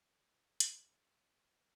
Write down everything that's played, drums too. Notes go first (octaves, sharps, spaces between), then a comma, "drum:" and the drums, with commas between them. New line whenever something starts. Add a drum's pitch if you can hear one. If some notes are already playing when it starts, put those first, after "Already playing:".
Already playing: G#2 F3 A3
G#2 F3 A3
E2 B2 A3 E5, drum: hi-hat
E2 B2 A3
E3 A3